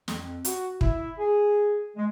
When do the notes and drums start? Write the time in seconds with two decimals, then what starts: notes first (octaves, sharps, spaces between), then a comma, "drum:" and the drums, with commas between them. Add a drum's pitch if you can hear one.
0.08 F2, drum: snare
0.45 F#4, drum: hi-hat
0.81 E4, drum: kick
1.18 G#4
1.96 G#3